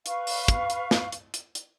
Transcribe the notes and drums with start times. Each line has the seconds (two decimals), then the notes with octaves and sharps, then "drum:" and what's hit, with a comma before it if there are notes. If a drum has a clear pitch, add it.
0.06 B4 F5 C#6, drum: hi-hat
0.27 drum: open hi-hat
0.48 drum: kick, hi-hat
0.70 drum: hi-hat
0.91 drum: snare
1.12 drum: hi-hat
1.34 drum: hi-hat
1.55 drum: hi-hat